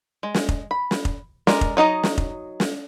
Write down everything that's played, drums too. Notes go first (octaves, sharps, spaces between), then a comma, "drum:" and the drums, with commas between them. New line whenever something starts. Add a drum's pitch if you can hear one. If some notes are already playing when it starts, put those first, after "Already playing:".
G#3
drum: snare
drum: kick F1
B5
drum: snare
drum: kick F1
G#3 A#4 D5, drum: snare
drum: kick F1
F#3 D#4 D#5 A#5
drum: snare
drum: kick F1
drum: snare